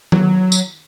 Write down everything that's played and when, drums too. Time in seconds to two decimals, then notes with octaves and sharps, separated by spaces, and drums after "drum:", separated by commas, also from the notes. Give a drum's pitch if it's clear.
0.12 F#3, drum: tom D#3
0.52 drum: tambourine